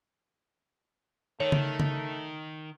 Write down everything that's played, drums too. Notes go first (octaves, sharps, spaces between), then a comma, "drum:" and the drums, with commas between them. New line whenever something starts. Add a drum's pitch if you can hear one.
D#3 A3 C#5
drum: tom C#3
drum: tom C#3